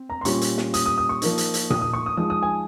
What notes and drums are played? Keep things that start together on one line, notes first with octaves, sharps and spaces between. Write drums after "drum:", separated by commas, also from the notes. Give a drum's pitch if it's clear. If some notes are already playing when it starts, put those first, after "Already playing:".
Already playing: C4
A#5
C6
A#2 G3 C#4 F4 C#6, drum: hi-hat
drum: hi-hat
drum: snare
D#6, drum: hi-hat
D#6
D#6
C#6
F3 A#3 D#4, drum: hi-hat
drum: hi-hat
drum: hi-hat
D#6, drum: tom A#2
D#6
C#6
D#6
F3 G#3 D#4 D#6
D#6
G#5